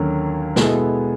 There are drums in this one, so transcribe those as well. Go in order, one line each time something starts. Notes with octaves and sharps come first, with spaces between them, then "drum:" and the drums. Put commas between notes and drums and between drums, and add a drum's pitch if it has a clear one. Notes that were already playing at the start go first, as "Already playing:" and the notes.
Already playing: D#2 D3 F#3 A#3 C#4
B2 G#3 B3 E4 A4, drum: snare